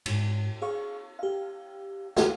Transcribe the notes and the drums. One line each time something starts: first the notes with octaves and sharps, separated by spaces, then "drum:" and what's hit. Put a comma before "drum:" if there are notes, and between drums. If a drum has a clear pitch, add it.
G#2, drum: cymbal
G#4 F5 C#6
G4 F5
F#4 G4 F5 F#5, drum: snare